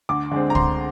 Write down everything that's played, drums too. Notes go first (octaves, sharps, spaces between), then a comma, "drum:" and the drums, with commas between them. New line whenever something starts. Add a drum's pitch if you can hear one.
D2 D6
D3 G#3 C4
A#5
D2 C6, drum: kick